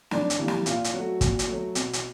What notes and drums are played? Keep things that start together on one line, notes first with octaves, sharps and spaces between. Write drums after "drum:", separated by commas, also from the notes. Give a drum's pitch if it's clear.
A2 D4, drum: snare
drum: hi-hat
E3 G3 A#3
drum: snare
A#2 F4, drum: hi-hat
drum: hi-hat
F#3 A3 F#4
A#2, drum: kick, hi-hat
drum: hi-hat
F#3 A3
B2, drum: hi-hat
drum: hi-hat